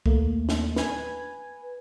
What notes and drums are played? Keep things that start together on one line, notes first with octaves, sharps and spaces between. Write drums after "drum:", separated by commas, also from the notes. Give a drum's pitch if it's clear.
D#2 A3 A#3, drum: kick
drum: snare
B4 G#5, drum: snare